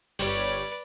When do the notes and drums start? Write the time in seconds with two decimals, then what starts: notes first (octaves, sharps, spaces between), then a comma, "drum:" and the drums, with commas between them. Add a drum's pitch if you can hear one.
0.19 G1 G3 B4 C#5 D5, drum: cymbal